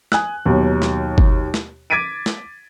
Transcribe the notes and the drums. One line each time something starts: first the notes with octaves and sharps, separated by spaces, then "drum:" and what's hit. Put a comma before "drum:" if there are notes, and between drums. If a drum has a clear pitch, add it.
G#5 D#6 F#6, drum: snare
D#2 B2 F#3
drum: snare
drum: kick G1
drum: snare
D6 G#6 A6 B6 D7 D#7
drum: snare